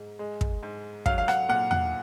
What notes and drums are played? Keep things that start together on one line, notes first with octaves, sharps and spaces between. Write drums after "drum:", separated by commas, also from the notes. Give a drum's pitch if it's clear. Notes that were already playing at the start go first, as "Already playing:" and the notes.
Already playing: G#2
G#3
drum: kick
G#2
F#3 F5, drum: kick
F5
F#5, drum: rim click
A#2 F#5
F#5, drum: tom E2